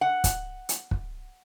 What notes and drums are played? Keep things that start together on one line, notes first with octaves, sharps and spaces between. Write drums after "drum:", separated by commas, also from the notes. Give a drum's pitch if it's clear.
F#5
drum: kick, hi-hat
drum: hi-hat
drum: kick